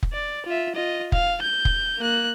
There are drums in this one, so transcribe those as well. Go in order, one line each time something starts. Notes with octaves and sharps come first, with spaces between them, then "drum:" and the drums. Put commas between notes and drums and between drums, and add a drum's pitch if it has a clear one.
drum: kick
D5
F4 E5
F4 D#5
F5, drum: kick
G6
drum: kick
A#3 F#6